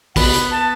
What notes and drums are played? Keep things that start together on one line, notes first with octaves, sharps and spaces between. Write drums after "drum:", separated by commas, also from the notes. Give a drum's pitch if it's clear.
B3 B5, drum: kick, open hi-hat
drum: hi-hat
A5